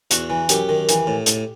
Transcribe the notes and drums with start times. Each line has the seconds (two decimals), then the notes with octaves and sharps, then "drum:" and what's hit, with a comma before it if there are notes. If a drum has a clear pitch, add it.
0.11 E2 F#4, drum: hi-hat
0.30 E3
0.49 F#2 G4, drum: hi-hat
0.69 D#3
0.89 E3, drum: hi-hat
1.07 A2
1.26 A2, drum: hi-hat